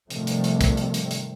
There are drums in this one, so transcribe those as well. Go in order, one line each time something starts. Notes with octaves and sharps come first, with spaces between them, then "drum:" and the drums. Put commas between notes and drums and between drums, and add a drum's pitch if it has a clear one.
G#2 C3 D#3 F3 G3 A3, drum: hi-hat
drum: hi-hat
drum: hi-hat
drum: kick, hi-hat
drum: hi-hat
drum: hi-hat
drum: hi-hat